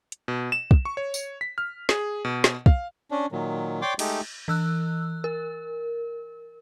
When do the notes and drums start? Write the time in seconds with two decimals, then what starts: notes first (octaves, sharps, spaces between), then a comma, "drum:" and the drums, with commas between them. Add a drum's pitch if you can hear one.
0.12 drum: hi-hat
0.28 B2
0.52 E7
0.71 drum: kick
0.85 C#6
0.97 C#5
1.14 drum: tambourine
1.41 B6
1.58 F6
1.89 G#4, drum: snare
2.25 B2
2.44 drum: snare
2.66 F5, drum: kick
3.11 C#4 D4
3.32 A#2 D#3 F#3
3.82 C#5 D5 G5 C6 D6
3.99 G#3 A3 D#4 G4, drum: cymbal
4.48 E3 E6 F#6
5.24 A#4